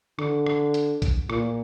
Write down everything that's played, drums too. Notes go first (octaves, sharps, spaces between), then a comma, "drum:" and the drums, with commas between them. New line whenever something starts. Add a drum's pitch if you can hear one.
D3, drum: rim click
drum: rim click
drum: hi-hat
drum: kick B1, hi-hat
A#2, drum: rim click